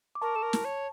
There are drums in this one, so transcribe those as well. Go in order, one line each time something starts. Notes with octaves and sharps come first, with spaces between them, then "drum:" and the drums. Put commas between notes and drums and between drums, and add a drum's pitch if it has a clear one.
D6
A#4 A5 C#6
A4
A#4
drum: snare
C#5